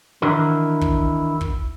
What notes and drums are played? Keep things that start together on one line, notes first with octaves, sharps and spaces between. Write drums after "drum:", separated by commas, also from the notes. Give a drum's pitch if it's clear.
D#3 E3 D4 E4 F#4 A#4
drum: kick
drum: kick